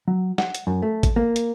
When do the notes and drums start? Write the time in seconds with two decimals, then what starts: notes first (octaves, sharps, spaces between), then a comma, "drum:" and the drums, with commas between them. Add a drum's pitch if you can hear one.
0.08 F#3
0.38 F#5, drum: snare
0.55 drum: hi-hat
0.67 F#2
0.82 A3
1.03 drum: kick, hi-hat
1.16 A#3
1.36 drum: hi-hat